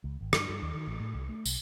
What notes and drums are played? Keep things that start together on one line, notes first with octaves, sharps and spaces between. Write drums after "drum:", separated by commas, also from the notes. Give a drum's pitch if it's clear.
C#2
G#1
G2, drum: rim click
G2
D#2
D#3
A1
A2
C2
A3
B1, drum: tambourine